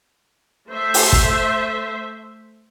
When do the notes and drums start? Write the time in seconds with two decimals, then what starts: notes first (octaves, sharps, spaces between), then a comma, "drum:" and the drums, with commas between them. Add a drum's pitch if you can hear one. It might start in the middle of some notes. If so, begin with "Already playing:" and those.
0.69 A3 C5 E5
0.94 drum: open hi-hat
1.13 drum: kick